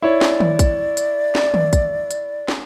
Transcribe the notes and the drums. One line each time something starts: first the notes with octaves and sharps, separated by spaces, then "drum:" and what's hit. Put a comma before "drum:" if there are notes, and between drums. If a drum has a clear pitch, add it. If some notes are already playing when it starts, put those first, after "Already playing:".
E4 C#5 D5
drum: snare
drum: tom D#3
drum: kick, hi-hat
drum: hi-hat
drum: snare
drum: tom D#3
drum: kick, hi-hat
drum: hi-hat
drum: snare